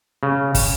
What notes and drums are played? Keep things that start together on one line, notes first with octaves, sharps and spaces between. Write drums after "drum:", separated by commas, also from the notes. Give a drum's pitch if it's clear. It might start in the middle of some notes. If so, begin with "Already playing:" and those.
C#3
drum: kick, open hi-hat